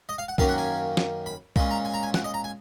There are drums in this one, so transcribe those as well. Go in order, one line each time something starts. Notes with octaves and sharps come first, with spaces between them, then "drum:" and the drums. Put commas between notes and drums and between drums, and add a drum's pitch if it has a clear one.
D#5
F5
F#5
F#2 D#3 A#3 C#4 F5, drum: kick B1
F#5
G#5
drum: snare
B5
A#2 G#3 C#4 B5, drum: kick B1
A#5
G#5
A#5
G#5
F#5, drum: snare
D#5
A#5
G#5